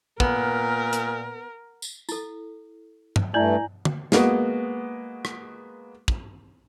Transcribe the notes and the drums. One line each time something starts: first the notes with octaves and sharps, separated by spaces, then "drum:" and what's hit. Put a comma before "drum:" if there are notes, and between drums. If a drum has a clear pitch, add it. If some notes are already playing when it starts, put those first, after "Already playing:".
A#2 B3 A#4, drum: kick
drum: hi-hat
drum: tambourine
E4 A4, drum: tambourine
drum: tom G2
G2 A3 E4 D5 G#5 A#5 G6 F#7
drum: tom
G#3 A#3 B3 F#4, drum: snare
drum: rim click
drum: kick